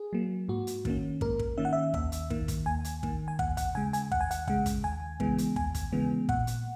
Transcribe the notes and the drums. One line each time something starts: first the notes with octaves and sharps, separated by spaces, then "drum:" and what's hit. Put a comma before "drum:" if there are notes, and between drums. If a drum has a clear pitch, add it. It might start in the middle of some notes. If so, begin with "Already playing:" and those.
Already playing: G#4
F#3 A#3
G#2 F#4
drum: hi-hat
D#3 A#3 C#4, drum: kick
G#2 A#4, drum: kick
drum: kick
D#3 A#3 C#4 E5
F#5
E5
D#2 E5, drum: kick
drum: hi-hat
D#3 A#3, drum: kick
drum: kick, hi-hat
D#2 G#5
drum: hi-hat
D#3 A#3, drum: kick
G#5
D#2 F#5, drum: kick
F#5, drum: kick, hi-hat
C#3 G#3 G#5
G#5, drum: hi-hat
D#2 F#5, drum: kick
G#5
F#5, drum: hi-hat
C#3 G#3 F#5, drum: kick
drum: kick, hi-hat
D#2 G#5
C#3 E3 G#3 B3, drum: kick
drum: hi-hat
D#2 G#5, drum: kick
drum: kick, hi-hat
C#3 E3 G#3 B3
A#2 F#5, drum: kick
drum: hi-hat